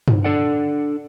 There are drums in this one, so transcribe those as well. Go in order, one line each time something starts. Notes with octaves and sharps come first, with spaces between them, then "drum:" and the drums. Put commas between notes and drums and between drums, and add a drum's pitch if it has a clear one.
drum: tom G2
D4 A4 D5 F#5